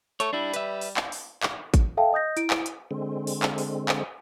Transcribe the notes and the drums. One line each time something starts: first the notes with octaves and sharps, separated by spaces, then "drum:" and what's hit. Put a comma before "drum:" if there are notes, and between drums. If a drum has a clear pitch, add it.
A3 C#5, drum: hi-hat
G3 D4 E4
B4 E5, drum: hi-hat
drum: open hi-hat
drum: clap
drum: open hi-hat
drum: clap
drum: kick G#1, hi-hat
A4 E5 F5 G5 A5
D#5 D#6 G6 A#6
E4 D7, drum: hi-hat
drum: clap
drum: hi-hat
D3 G#3 C4
drum: open hi-hat
drum: clap
drum: open hi-hat
drum: clap